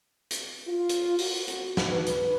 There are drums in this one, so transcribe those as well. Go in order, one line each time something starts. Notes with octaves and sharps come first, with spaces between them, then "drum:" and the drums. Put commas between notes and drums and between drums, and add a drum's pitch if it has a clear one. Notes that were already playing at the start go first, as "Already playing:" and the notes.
drum: hi-hat
F4
drum: hi-hat
F#4, drum: open hi-hat
drum: hi-hat
drum: snare
B4
drum: hi-hat